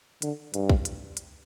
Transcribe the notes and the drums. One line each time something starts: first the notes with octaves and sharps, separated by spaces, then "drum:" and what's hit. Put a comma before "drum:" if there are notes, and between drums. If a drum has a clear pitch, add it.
D3, drum: hi-hat
G2, drum: hi-hat
drum: kick
drum: hi-hat
drum: hi-hat